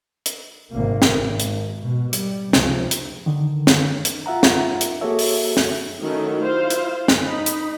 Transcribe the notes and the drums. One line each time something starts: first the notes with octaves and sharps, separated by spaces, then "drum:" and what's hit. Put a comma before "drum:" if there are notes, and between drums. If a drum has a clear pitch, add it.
drum: hi-hat
G#1 C3 A#3
drum: snare
G#1
drum: hi-hat
B2
G3, drum: hi-hat
C#2 C3 F3, drum: snare
drum: hi-hat
D3 D#3
drum: snare
drum: hi-hat
F4 E5 F#5 A#5
drum: snare
drum: hi-hat
A#3 F#4 G#4 A4 C#5 E5
drum: open hi-hat
drum: snare
D#3 F#3 A3 C#4 D#4 E4
E4 F4 C5 F5
drum: hi-hat
drum: snare
D#4 B5
drum: hi-hat